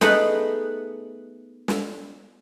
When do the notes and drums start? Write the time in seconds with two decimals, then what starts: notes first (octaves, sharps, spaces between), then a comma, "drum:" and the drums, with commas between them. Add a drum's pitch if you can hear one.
0.01 A3 B3 D#4 G#4 B4 F#5, drum: snare
1.68 drum: snare